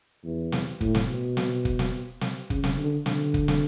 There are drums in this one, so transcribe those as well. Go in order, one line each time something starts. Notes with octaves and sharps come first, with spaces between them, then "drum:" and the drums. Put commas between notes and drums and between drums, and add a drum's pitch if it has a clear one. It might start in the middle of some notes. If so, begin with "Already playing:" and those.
E2
drum: snare
A2, drum: kick
drum: snare
B2
drum: snare
drum: kick
drum: snare
drum: snare
C#3, drum: kick
drum: snare
D3
D3, drum: snare
drum: kick
drum: snare